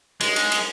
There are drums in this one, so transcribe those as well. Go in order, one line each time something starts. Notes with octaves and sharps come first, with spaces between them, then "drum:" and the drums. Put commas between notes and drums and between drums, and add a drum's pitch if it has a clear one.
G#3, drum: cymbal
drum: cymbal
drum: cymbal